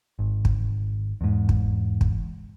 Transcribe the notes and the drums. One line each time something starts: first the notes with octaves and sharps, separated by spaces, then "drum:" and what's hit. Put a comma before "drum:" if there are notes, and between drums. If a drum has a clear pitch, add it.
G#1
drum: kick
E2 G#2
drum: kick
drum: kick